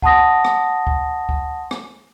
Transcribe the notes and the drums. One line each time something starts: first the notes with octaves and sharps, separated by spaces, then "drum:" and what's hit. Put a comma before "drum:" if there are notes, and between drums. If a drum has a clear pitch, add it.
F#5 A5 C6 D#6 A#6, drum: kick D2
drum: rim click
drum: kick D2
drum: kick D2
drum: rim click